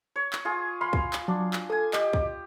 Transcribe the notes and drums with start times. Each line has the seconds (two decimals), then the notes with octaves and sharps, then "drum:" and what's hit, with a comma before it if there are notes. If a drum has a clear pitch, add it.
0.16 C#5
0.33 drum: clap
0.45 F4 G#4
0.81 F5 B5 C6
0.93 drum: kick
1.13 drum: clap
1.28 F#3 D4
1.53 drum: clap
1.70 A4 G#5 D#6
1.93 G4 D#5, drum: clap
2.13 drum: kick